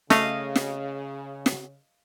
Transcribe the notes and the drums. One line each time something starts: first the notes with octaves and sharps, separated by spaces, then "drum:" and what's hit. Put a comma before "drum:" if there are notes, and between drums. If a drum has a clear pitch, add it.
C#3 A3 D#5 F5, drum: snare
drum: snare
drum: snare